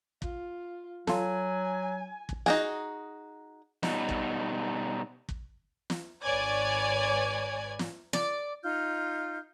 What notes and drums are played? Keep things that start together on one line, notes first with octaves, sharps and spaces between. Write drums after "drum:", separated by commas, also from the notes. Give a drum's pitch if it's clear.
F4, drum: kick
F#3 F4 A4 G#5, drum: snare
drum: kick
D#4 F#4 G#4, drum: snare
B2 G3 D#4, drum: snare
drum: kick
drum: kick
drum: snare
G#1 B4 C#5 D5 G#5 G#6
drum: snare
D5, drum: snare
D#4 F4 F6 G6